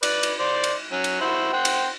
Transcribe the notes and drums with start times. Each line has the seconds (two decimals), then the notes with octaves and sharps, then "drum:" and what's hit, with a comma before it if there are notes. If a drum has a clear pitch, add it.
0.03 B4 D5, drum: cymbal
0.23 drum: cymbal
0.39 C5 D5
0.64 drum: cymbal
0.92 F#3 C#4
1.04 drum: cymbal
1.21 E4 F#4 C5
1.53 C5 F#5 G5
1.65 drum: cymbal